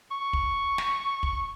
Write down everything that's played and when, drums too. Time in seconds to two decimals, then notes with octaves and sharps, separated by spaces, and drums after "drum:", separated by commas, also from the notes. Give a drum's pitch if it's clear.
0.11 C#6
0.33 drum: kick
0.78 drum: snare
1.23 drum: kick